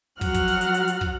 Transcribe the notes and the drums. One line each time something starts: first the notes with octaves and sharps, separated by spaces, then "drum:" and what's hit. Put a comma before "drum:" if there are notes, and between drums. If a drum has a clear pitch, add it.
F3 F#3 F#4 F#5 F6 F#6, drum: kick, open hi-hat
drum: kick, hi-hat
drum: open hi-hat
drum: hi-hat
drum: hi-hat
drum: hi-hat
drum: kick